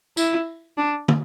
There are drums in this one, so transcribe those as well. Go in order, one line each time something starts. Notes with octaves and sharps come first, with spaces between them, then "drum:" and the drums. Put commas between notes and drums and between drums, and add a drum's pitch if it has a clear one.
E4, drum: tambourine
D4
drum: tom